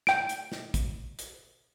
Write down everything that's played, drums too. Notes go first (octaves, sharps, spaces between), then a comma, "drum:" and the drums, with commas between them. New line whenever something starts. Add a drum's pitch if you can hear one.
G5 D7, drum: snare
drum: hi-hat
drum: snare
drum: kick, hi-hat
drum: hi-hat